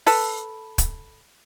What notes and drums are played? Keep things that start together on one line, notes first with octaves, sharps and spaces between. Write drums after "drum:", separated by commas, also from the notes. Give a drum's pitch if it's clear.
A4 B4, drum: open hi-hat
drum: kick, hi-hat